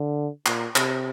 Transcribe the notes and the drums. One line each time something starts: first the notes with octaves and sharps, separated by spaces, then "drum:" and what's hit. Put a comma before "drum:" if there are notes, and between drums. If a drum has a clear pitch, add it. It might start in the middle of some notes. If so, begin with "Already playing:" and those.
Already playing: D3
A#2, drum: clap
C3, drum: clap